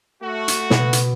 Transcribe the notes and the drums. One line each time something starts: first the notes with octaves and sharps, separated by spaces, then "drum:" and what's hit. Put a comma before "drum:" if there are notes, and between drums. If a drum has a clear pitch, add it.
A3 F#4
drum: hi-hat
B2, drum: snare
drum: hi-hat